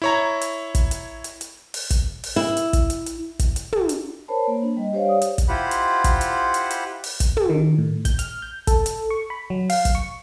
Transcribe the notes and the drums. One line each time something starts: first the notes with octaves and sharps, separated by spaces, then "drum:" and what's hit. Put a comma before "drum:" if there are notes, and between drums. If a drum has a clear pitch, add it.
E4 C#5 A#5
drum: hi-hat
drum: kick, hi-hat
drum: hi-hat
drum: hi-hat
drum: hi-hat
drum: open hi-hat
drum: kick, hi-hat
drum: open hi-hat
E4
drum: hi-hat
drum: kick, hi-hat
drum: hi-hat
drum: hi-hat
drum: kick, hi-hat
drum: hi-hat
drum: tom
drum: hi-hat
A#4 C5 C#5 A5 B5
A#3
D4
G3 D#5
G4 C5 C#5 F5
D5 D#6
drum: hi-hat
drum: kick, hi-hat
E4 F4 G4 C5 F#5 B5
drum: hi-hat
drum: kick, hi-hat
drum: hi-hat
drum: hi-hat
drum: hi-hat
drum: open hi-hat
drum: kick, hi-hat
drum: tom
D#3
A2
G6, drum: kick, hi-hat
F6, drum: hi-hat
G6
A4, drum: kick, hi-hat
drum: hi-hat
C#6
B5
F#3
F5, drum: open hi-hat
drum: kick, hi-hat
C#6